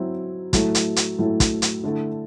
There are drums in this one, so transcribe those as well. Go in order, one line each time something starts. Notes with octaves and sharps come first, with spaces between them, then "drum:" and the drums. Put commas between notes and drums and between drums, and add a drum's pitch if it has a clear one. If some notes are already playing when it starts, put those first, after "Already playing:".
Already playing: F#3 C4 E4
A2 F#3 A3 E4, drum: kick, hi-hat
drum: hi-hat
drum: hi-hat
A2 F#3 A3 E4
drum: kick, hi-hat
drum: hi-hat
D3 A3 E4